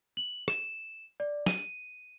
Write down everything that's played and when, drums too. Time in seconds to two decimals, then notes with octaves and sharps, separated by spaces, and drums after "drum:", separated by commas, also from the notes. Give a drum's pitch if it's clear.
0.17 F#7
0.48 E7, drum: rim click
1.20 D5
1.46 D#7, drum: snare